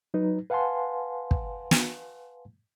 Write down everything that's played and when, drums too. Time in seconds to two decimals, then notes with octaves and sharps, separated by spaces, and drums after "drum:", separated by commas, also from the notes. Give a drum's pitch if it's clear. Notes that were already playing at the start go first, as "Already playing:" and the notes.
0.14 F#3 D#4 B4
0.50 B4 F5 F#5 G#5 A5 C6
1.31 drum: kick
1.71 drum: snare